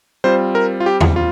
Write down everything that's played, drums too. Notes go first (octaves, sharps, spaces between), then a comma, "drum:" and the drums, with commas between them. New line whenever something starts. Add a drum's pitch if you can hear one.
G3 C4 F4 C5
A#4
F4
G4
drum: tom E2
F4